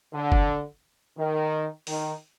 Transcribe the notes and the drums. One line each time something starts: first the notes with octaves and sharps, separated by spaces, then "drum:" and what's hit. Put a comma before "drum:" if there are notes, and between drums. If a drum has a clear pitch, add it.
D3
drum: kick G1
D#3
D#3, drum: open hi-hat